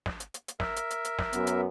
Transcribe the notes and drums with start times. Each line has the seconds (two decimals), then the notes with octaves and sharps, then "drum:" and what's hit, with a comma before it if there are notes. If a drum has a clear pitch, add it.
0.06 drum: snare
0.20 drum: hi-hat
0.34 drum: hi-hat
0.48 drum: hi-hat
0.60 A#4 E5, drum: snare
0.76 drum: hi-hat
0.90 drum: hi-hat
1.05 drum: hi-hat
1.19 drum: snare
1.33 F#2 B3, drum: hi-hat
1.47 drum: hi-hat